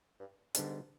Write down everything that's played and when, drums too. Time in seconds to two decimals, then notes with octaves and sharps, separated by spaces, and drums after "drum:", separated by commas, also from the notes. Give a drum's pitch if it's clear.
0.19 G2
0.55 G#2 D3 G3 B3 D4, drum: hi-hat